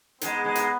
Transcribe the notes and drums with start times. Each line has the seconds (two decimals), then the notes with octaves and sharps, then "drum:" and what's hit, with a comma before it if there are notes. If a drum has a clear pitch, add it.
0.21 G#2 G#3 B3, drum: hi-hat
0.44 G#2 G#3
0.55 drum: hi-hat